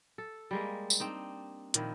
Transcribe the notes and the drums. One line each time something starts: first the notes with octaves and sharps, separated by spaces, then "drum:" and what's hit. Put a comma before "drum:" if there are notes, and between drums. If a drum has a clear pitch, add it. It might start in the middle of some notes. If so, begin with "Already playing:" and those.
A4
G3 G#3 A#3
drum: tambourine
C4 D4 D#4
A#2 D#3 F3 E4, drum: hi-hat